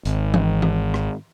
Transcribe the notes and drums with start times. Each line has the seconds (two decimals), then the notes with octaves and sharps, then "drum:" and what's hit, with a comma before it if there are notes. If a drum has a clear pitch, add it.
0.05 G#1, drum: hi-hat
0.34 drum: tom E3
0.62 drum: tom E3
0.94 drum: rim click